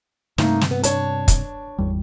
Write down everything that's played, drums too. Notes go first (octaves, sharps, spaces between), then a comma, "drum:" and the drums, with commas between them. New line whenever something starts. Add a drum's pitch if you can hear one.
G2 C3 A3 A#3 D#4, drum: snare
drum: snare
B3
D4 C#5 A5, drum: hi-hat
drum: kick, hi-hat
G#1 E2 G3